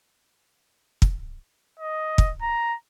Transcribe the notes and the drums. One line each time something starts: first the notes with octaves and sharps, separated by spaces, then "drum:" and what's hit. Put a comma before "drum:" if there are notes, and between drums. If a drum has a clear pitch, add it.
drum: kick
D#5
drum: kick
A#5